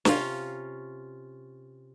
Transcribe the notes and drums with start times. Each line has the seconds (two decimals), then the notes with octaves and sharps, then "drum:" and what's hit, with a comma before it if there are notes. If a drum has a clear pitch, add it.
0.05 C3 C#4 F4, drum: snare